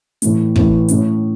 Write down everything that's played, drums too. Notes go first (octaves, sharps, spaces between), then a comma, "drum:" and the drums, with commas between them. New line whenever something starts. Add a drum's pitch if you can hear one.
A2 E3 A3, drum: hi-hat
A2 E3 A3, drum: kick
A2 A3 C#4, drum: hi-hat